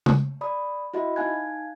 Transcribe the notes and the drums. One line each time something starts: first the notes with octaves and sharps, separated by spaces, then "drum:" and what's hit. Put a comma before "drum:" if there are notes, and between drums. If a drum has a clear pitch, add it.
drum: tom C#3
D5 B5 D#6
E4 F#4 D#5 E5 B5
D#4 F5 G#5 F#6 G#6